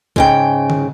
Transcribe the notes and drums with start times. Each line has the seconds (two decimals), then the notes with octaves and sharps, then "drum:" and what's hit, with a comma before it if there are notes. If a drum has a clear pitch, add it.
0.16 G#2 C#3 G5, drum: kick
0.70 drum: tom D3